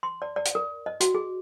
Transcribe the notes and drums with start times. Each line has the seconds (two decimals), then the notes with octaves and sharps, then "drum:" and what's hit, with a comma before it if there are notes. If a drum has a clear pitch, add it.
0.03 C6
0.22 D5
0.36 D5
0.45 drum: hi-hat
0.55 A#4
0.86 D#5
1.00 F#4, drum: hi-hat
1.15 G#4